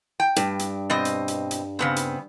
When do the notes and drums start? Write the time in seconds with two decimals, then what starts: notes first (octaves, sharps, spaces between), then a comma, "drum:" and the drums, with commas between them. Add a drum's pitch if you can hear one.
0.20 G5
0.37 G2, drum: hi-hat
0.59 drum: hi-hat
0.90 B2 C4 D#5
1.05 drum: hi-hat
1.28 drum: hi-hat
1.51 drum: hi-hat
1.79 C#3 B3 C4
1.96 drum: hi-hat